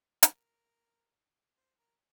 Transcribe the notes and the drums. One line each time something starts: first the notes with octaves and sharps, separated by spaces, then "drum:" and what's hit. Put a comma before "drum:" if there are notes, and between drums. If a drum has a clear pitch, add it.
A#4, drum: hi-hat
C5
A#4